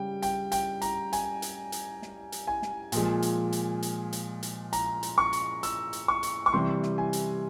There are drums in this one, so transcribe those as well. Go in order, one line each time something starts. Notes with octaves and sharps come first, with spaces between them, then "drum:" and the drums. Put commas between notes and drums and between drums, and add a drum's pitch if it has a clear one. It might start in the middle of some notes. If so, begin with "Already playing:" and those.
Already playing: C#3 G3 G5
G5, drum: hi-hat
G5, drum: hi-hat
A#5, drum: hi-hat
G#5, drum: hi-hat
drum: hi-hat
drum: hi-hat
drum: snare
drum: hi-hat
G#5
drum: snare
A#2 F3 G#3, drum: hi-hat
drum: hi-hat
drum: hi-hat
drum: hi-hat
drum: hi-hat
drum: hi-hat
A#5, drum: hi-hat
drum: hi-hat
C#6
drum: hi-hat
E6, drum: hi-hat
drum: hi-hat
C#6
drum: hi-hat
C#6
C3 E3 G3 C6
drum: snare
G#5
drum: hi-hat